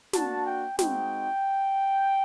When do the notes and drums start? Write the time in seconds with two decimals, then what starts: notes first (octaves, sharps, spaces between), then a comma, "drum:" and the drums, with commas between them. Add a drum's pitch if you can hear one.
0.13 A#3 D4 F#4 A5, drum: snare
0.46 G5
0.79 G#3 C4 D#4 F#4 G5, drum: snare